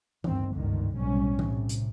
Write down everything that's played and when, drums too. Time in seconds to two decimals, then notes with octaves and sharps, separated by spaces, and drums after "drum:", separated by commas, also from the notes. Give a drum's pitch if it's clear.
0.24 D2 G2 D#3 C4, drum: tom E3
0.54 G1 C#2 G#2 D3 D#3
0.95 B1 A2 C3 G3 C#4
1.39 A2 C3, drum: tom E3
1.69 drum: hi-hat